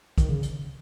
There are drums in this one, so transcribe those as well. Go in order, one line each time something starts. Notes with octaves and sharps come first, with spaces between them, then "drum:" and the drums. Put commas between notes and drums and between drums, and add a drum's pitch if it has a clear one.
D#3, drum: kick, hi-hat
C#3
drum: hi-hat